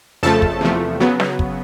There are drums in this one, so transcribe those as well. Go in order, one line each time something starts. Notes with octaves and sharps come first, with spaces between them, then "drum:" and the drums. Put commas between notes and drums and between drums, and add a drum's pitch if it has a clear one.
F2 C#3 F3 A3 A4 A5
drum: kick
E2 C3 F3 A3
C#3 F#3 B3
drum: snare
drum: kick